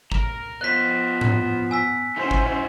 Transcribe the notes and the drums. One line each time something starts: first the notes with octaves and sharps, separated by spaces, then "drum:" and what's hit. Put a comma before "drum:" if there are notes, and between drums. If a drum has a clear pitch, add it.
A#4 A#5, drum: kick
B3 F4 C5 D#5 F#6 B6
drum: tom G#2
G#5 E6 B6
C#4 D#4 E4 F#4 C5
drum: kick